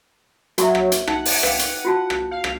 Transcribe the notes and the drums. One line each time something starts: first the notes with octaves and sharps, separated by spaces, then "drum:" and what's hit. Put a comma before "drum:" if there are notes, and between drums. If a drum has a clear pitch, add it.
F#3 F#4 E5, drum: hi-hat
drum: rim click
drum: hi-hat
D#4 F#5 A5, drum: rim click
drum: open hi-hat
B4 F5 G5, drum: rim click
drum: hi-hat
F4 F#4 A5
drum: rim click
F5
drum: rim click